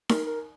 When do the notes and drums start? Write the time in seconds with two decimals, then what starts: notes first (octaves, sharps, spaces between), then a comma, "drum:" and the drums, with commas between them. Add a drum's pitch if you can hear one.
0.09 A#4, drum: snare D#4
0.27 A#4